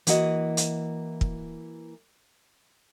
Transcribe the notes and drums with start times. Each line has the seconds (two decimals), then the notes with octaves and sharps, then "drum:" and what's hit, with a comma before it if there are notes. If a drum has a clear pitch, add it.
0.07 E3 A#3 E4 F#4 D#5, drum: hi-hat
0.57 drum: hi-hat
1.21 drum: kick